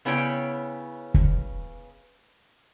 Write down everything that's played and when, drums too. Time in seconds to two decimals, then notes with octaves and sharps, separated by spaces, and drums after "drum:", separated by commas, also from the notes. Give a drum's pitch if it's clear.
0.05 C#3 B3 E4 C#5 G5
1.14 drum: kick